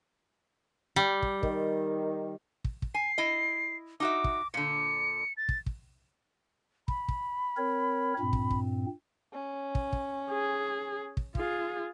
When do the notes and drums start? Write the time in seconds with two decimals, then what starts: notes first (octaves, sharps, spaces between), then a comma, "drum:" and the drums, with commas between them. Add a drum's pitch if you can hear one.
0.96 G3
1.22 drum: kick
1.43 D#3, drum: kick
2.64 drum: kick
2.82 drum: kick
2.94 G#5 C7
3.18 E4 D#5
4.00 D#4 F#4 E5 D6
4.24 drum: kick
4.54 A#2 D3 C#7
5.37 A6
5.49 drum: kick
5.66 drum: kick
6.88 B5, drum: kick
7.08 drum: kick
7.57 C4 A#4 C#5
8.19 G2 A#2 C4
8.33 drum: kick
8.51 drum: kick
9.33 C#4
9.75 drum: kick
9.93 drum: kick
10.30 G#4
11.17 drum: kick
11.35 F4 G#4, drum: kick